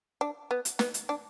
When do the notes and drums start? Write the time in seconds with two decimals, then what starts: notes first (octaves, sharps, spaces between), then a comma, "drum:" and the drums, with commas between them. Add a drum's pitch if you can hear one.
0.21 D4
0.51 B3
0.65 drum: hi-hat
0.79 B3, drum: snare
0.94 drum: hi-hat
1.09 D4